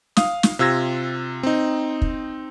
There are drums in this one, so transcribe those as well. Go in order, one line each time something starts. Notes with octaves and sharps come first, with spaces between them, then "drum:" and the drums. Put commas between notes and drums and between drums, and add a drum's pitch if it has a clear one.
F5 D#6, drum: snare
drum: snare
C3 F4 E6 G#6 A#6
C4 D#4
drum: kick